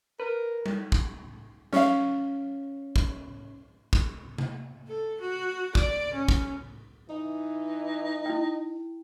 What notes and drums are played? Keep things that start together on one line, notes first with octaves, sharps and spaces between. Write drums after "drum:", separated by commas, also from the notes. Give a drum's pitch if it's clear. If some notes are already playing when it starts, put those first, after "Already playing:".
A#4 B4
drum: tom G3
drum: kick
C#4 F5, drum: snare
drum: kick
drum: kick
drum: tom C3
A4
F#4
D5, drum: kick
C#4
drum: kick
E3 D#4
E4 G5